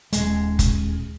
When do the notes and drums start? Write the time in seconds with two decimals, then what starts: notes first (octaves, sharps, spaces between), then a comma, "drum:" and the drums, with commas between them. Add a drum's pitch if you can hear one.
0.13 D#1 G#3, drum: hi-hat
0.59 drum: kick F1, hi-hat